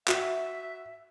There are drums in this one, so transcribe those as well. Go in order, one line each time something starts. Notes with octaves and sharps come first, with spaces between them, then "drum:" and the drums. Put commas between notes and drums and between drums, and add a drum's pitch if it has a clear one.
F#4 E5, drum: clap